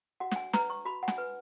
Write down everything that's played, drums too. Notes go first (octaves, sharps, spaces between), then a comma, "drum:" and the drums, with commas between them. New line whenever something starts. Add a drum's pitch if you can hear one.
F#4 F#5
F#5, drum: snare
G#5
B4 A#5, drum: snare
C#6
F#4 B5
F#5
G#5, drum: snare
B4